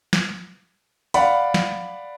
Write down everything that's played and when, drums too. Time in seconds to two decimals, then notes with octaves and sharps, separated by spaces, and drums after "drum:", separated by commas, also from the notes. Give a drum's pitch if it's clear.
0.13 drum: snare
1.14 D5 F5 F#5 B5, drum: hi-hat
1.54 drum: snare